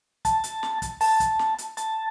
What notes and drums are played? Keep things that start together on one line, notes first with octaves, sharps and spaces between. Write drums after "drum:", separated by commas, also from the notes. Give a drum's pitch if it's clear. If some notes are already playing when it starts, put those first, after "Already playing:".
A5, drum: kick, hi-hat
drum: hi-hat
drum: snare
drum: kick, hi-hat
A5, drum: open hi-hat
drum: kick, hi-hat
drum: snare
drum: hi-hat
A5, drum: hi-hat